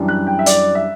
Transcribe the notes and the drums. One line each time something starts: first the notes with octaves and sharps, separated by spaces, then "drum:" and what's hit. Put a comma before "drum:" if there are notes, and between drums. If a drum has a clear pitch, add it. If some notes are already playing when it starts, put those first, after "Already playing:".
Already playing: F#2 E3 G3 D4
F#6
G5
E5
D5, drum: hi-hat
E5